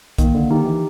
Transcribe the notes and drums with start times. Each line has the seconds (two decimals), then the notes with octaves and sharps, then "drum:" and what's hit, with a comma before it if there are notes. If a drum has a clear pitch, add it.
0.18 D#3 A#3, drum: kick B1, hi-hat
0.35 D3
0.51 D#3 D#4 G4
0.66 E3